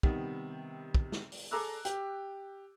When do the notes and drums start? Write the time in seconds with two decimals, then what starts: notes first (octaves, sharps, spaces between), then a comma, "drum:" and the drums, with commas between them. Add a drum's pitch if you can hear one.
0.03 C3 D#3 G3 B3, drum: kick
0.94 drum: kick
1.12 drum: snare
1.32 drum: open hi-hat
1.51 G#4 A4 A#5 D6 E6 F#6
1.85 G4, drum: hi-hat